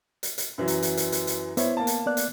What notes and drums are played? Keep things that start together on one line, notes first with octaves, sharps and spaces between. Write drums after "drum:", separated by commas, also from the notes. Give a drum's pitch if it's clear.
drum: hi-hat
drum: hi-hat
F#2 E3 F#3
drum: hi-hat
drum: hi-hat
drum: hi-hat
drum: hi-hat
drum: hi-hat
B3 E4 C5 C#5, drum: hi-hat
A#3 A5
drum: hi-hat
B3 D5 F#6
drum: hi-hat